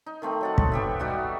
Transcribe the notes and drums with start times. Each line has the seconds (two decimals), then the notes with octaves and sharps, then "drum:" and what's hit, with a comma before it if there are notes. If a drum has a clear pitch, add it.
0.06 D#4
0.22 D#3 A3 C4
0.41 F#3 A4 F#5
0.58 drum: kick
0.72 B3 G4 E5
0.99 G3 D#4 F#4 E5